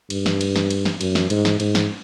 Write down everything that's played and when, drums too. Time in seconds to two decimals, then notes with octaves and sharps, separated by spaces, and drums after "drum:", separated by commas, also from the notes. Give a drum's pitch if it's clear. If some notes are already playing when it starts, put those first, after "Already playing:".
0.10 G2, drum: cymbal
0.26 drum: snare
0.41 drum: cymbal
0.56 drum: snare
0.71 drum: cymbal
0.85 drum: snare
1.01 F#2, drum: cymbal
1.15 drum: snare
1.30 G#2, drum: cymbal
1.45 drum: snare
1.60 G#2, drum: cymbal
1.75 drum: snare